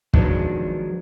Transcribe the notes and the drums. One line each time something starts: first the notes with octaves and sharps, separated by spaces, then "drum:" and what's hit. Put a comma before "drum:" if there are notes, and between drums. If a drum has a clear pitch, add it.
D#3 F3 F#3 G#3 B3 D4, drum: kick